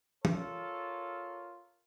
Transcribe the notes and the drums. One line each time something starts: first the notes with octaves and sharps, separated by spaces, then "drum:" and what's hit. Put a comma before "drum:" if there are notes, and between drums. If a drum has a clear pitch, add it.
F4 A4 A#4 C#5, drum: tom